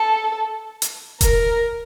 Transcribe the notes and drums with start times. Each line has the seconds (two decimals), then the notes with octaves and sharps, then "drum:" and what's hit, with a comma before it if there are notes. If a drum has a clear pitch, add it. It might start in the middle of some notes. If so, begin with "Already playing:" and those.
Already playing: A4
0.82 drum: hi-hat
1.21 A#4, drum: kick E1, hi-hat